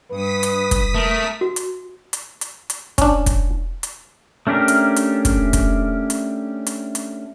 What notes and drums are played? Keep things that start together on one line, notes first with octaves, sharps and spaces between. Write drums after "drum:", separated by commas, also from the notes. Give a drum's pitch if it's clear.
G2 B4 D#6 B6
drum: hi-hat
drum: kick, hi-hat
A3 A#4
F#4
drum: hi-hat
drum: hi-hat
drum: hi-hat
drum: hi-hat
C#4 D4, drum: kick, hi-hat
drum: kick, hi-hat
drum: hi-hat
A3 C#4 D4 G4 A#4
drum: hi-hat
drum: hi-hat
drum: kick, hi-hat
drum: kick, hi-hat
drum: hi-hat
drum: hi-hat
drum: hi-hat